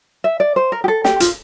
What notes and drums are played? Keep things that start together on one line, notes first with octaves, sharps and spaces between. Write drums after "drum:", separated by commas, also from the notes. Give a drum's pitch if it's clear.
E5
D5
C5
A#4
G4
A4
G4, drum: snare
F4, drum: hi-hat